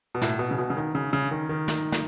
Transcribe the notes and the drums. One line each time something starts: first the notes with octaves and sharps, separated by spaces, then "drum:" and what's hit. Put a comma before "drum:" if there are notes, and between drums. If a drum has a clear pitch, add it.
B2
A2, drum: snare
B2
C#3
B2
C#3
D#3
C#3
C#3
D#3
D#3
drum: snare
drum: snare